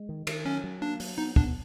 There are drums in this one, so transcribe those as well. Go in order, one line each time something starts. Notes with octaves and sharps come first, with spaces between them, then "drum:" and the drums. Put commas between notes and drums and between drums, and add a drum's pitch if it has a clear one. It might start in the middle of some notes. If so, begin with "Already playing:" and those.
Already playing: G#3
D#3
D#3, drum: cymbal
F#3 C#4
F#3
A#3 D4
F#3, drum: open hi-hat
B3 D#4
B3 D4, drum: kick